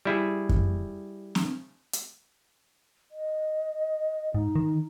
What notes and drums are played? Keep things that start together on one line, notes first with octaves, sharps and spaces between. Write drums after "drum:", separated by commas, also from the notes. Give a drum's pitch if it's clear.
G3 E4 G#4
drum: kick F#2
drum: snare C4
drum: hi-hat
D#5
G#2 D#4
D#3